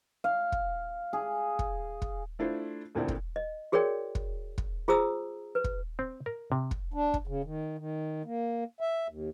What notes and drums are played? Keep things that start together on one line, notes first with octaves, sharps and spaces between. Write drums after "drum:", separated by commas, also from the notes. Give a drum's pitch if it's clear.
F5
drum: kick
G#4
drum: kick
drum: kick
A3 D4 E4 F4 C5
D#1 D2 A#2 C4 E4 D5
drum: kick
D#5
F#4 G#4 A#4 C#5 D5 G5
drum: kick
drum: kick
F4 G#4 C5 A#5 D#6 E6
B4
drum: kick
C4
A#4
C3
drum: kick
D4
drum: kick
C#3
D#3
D#3
A#3
E5
D#2